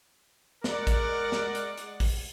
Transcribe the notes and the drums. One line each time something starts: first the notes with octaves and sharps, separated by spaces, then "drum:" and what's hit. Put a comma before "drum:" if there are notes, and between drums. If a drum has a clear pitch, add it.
G#3 A#4 D5 F#5, drum: snare
drum: kick A1, hi-hat
drum: snare
drum: hi-hat
drum: hi-hat
drum: kick A1, open hi-hat